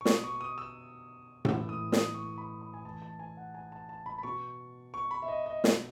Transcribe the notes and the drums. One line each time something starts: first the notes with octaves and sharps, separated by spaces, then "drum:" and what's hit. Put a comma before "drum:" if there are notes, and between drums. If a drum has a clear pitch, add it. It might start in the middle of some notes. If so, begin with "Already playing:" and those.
C#6
B2 D#6, drum: snare
C#6
D#6
E6
A2 E3 E6, drum: tom A2
D#6
D#6, drum: snare
C#6
B5
B5
G#5
A2 E3 A5
A5
G#5
F#5
G#5
A5
A5
B5
B5
B2 C#6
C#6
B5
E5
D#5
D#5
B2, drum: snare